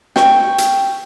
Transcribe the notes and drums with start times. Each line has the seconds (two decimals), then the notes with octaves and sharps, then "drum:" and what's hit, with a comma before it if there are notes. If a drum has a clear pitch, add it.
0.16 G5 C#6, drum: snare
0.58 drum: hi-hat